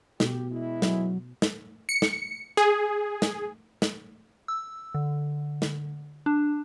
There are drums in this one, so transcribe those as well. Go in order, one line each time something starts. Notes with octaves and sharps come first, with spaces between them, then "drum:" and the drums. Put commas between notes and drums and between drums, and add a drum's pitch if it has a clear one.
B2 G4, drum: snare
E3 G#3 E4
F#3, drum: snare
drum: snare
C#7
drum: snare
G#4
drum: snare
drum: snare
E6
D3
drum: snare
D4